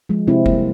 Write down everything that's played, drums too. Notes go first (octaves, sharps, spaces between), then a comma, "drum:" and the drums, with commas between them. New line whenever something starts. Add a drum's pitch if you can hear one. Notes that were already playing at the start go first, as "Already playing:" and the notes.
F3 G#3
C3 C4 E4
G3 A#3, drum: kick F#1